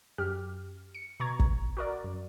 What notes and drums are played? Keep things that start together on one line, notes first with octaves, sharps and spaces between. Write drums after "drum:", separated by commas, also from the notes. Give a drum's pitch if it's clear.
F#2 G4 F6
C#7
B2 A#5 C#6 G#6
drum: kick
F#4 A#4 D5
F#2